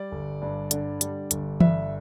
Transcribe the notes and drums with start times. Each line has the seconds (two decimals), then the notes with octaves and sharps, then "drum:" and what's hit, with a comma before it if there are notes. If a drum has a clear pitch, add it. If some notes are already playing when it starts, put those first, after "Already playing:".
Already playing: G3 D5
0.12 G1
0.42 G2
0.71 D3, drum: hi-hat
1.01 G3, drum: hi-hat
1.31 G1, drum: hi-hat
1.60 G2 E5, drum: tom E3